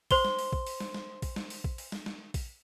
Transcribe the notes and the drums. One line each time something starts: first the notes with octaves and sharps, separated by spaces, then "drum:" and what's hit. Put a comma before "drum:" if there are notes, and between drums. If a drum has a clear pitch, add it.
C5 C6 G7, drum: kick A#1, open hi-hat
drum: snare
drum: open hi-hat
drum: kick A#1
drum: open hi-hat
drum: snare
drum: snare
drum: kick A#1, open hi-hat
drum: snare
drum: open hi-hat
drum: kick A#1
drum: open hi-hat
drum: snare
drum: snare
drum: kick A#1, open hi-hat